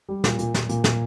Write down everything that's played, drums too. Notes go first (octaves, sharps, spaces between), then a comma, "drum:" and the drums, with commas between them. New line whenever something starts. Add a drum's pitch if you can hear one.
G3
A#2, drum: snare
A#2, drum: hi-hat
A#2, drum: snare
A#2, drum: hi-hat
A#2, drum: snare